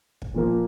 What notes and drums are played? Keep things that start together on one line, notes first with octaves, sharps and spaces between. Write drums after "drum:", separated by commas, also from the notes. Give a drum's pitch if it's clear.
drum: kick
A#2 F3 A#3